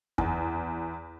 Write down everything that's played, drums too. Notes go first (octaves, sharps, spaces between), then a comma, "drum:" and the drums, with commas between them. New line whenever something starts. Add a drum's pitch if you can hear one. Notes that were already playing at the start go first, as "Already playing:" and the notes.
E2, drum: kick F2